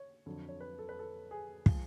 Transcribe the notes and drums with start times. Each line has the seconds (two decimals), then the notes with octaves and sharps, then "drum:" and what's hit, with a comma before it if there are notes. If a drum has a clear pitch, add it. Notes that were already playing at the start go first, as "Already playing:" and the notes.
Already playing: C#5
0.26 F2 D3 F#3
0.49 C#5
0.60 B4
0.79 A4
0.89 B4
0.99 A4
1.31 G#4
1.66 F3 G#3, drum: kick